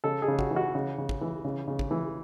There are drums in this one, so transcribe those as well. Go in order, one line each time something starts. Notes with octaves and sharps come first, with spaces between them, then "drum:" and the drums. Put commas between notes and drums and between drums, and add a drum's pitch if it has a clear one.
C#3 A4
G#4
C#3
F#4, drum: kick
E3
F#4
C#3
C#3
drum: kick
E3
C#3
C#3
drum: kick
E3